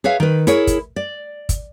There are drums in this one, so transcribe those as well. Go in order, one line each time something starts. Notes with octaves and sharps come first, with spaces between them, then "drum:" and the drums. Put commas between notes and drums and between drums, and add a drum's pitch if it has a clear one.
G#4 B4 C#5 E5 F5
D#3 B4
E4 G#4 A#4 C#5, drum: hi-hat
drum: kick, hi-hat
D5
drum: kick, hi-hat